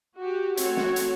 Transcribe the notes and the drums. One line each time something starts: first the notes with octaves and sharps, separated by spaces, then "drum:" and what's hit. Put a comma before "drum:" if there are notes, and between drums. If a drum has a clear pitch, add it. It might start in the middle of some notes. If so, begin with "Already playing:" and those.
F#4 G4
A3 C4 F#4 C#5, drum: hi-hat
drum: snare
drum: hi-hat